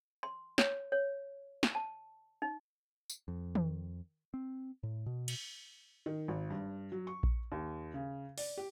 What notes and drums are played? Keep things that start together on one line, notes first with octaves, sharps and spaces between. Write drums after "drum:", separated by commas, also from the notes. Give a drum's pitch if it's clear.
C6
C#5, drum: snare
C#5
drum: snare
A5
D#4
drum: tambourine
F2
drum: tom D#3
C4
A2
B2
drum: cymbal
D#3
G#1
G2
F#3
C#6
drum: kick A#1
D#2
C#3
D5, drum: open hi-hat
G4